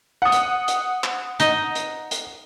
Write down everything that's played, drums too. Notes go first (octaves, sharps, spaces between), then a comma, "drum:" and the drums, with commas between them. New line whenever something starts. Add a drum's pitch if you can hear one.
F#5 D#6
drum: hi-hat
drum: hi-hat
drum: clap
D#4 D#5, drum: hi-hat
drum: hi-hat
drum: hi-hat